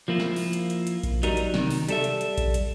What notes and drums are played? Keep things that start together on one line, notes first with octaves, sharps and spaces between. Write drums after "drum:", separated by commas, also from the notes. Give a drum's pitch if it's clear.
F3 A#3 E4 F4
drum: snare
drum: open hi-hat
drum: hi-hat
drum: hi-hat
drum: hi-hat
drum: kick A#1, hi-hat
F#3 G3 D#4 A#4, drum: hi-hat
drum: hi-hat
C3 D#3, drum: snare
drum: open hi-hat
G3 A4 E5, drum: hi-hat
drum: hi-hat
drum: hi-hat
drum: kick A#1, hi-hat
drum: hi-hat